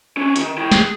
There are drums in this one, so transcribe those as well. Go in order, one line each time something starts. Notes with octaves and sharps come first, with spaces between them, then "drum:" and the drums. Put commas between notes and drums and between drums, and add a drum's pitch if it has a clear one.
C#4 D4
C2 D#3, drum: hi-hat
E4 G5
G#4, drum: snare